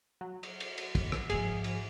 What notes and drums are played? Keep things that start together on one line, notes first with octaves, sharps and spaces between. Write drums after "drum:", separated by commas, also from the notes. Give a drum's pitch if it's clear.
F#3
drum: cymbal
drum: cymbal
drum: cymbal
drum: kick, cymbal
drum: rim click
G#2 F3 G#4, drum: cymbal
drum: cymbal